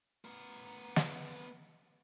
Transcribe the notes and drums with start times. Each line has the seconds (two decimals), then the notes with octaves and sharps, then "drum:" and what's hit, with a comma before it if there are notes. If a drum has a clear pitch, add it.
0.25 B3 A#4
0.96 drum: snare